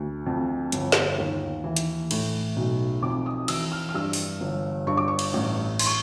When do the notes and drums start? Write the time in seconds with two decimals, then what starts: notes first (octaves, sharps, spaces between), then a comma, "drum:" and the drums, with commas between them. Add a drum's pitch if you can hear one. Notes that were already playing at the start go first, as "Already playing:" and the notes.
Already playing: D2
0.26 F2
0.72 G1, drum: hi-hat
0.92 drum: snare
1.18 D#2
1.64 E3
1.76 drum: hi-hat
2.11 A2, drum: cymbal
2.56 B1
3.02 F2 D6
3.26 D#6
3.48 E3 E6, drum: cymbal
3.72 F6
3.89 F6
3.94 G2 E6
4.13 drum: open hi-hat
4.40 G1
4.87 G2 C#6
4.97 D6
5.08 C#6
5.19 drum: cymbal
5.33 A1
5.79 C6, drum: cymbal
5.86 C#6